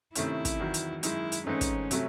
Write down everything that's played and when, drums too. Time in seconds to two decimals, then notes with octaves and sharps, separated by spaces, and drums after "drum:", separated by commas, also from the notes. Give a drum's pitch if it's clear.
0.15 C3 D#3 A3 C#4 E4, drum: hi-hat
0.45 drum: kick, hi-hat
0.59 E2 D#3 F#3
0.74 drum: hi-hat
1.03 F#2 D#3 G#3 E4, drum: hi-hat
1.32 drum: hi-hat
1.47 G#2 E3 A3 C4 C#4 D#4
1.61 drum: kick, hi-hat
1.91 C3 F#3 A3 C#4, drum: hi-hat